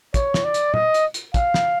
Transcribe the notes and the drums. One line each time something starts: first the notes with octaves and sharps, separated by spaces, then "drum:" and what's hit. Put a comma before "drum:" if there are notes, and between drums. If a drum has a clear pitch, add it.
C#5, drum: kick, hi-hat
drum: snare
D5
drum: hi-hat
D#5, drum: tom
drum: hi-hat
drum: hi-hat
F5, drum: kick, hi-hat
drum: snare